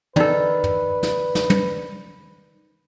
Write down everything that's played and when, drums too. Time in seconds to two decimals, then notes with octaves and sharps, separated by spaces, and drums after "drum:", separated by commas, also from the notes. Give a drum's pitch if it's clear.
0.16 D#3 A4 B4 D5, drum: tom
0.64 drum: tom
1.03 drum: snare
1.35 drum: snare
1.50 drum: tom